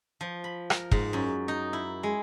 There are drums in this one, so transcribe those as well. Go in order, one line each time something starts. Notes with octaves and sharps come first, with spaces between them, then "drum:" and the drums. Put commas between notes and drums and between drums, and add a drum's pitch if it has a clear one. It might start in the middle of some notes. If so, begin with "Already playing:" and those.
F3
B5
A#4, drum: rim click
G#2, drum: kick
F#2
D#4
E4
G#3